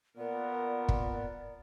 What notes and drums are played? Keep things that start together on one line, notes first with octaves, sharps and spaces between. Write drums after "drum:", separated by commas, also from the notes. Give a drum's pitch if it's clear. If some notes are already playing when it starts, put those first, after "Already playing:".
A#2 B3 A#4 D5
drum: kick